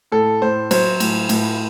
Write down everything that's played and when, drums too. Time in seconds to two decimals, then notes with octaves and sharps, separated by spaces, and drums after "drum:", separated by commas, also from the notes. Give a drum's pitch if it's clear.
0.12 A2 A4
0.42 A2 C5
0.71 F#3 C5, drum: cymbal
1.00 A2, drum: cymbal
1.29 A2, drum: cymbal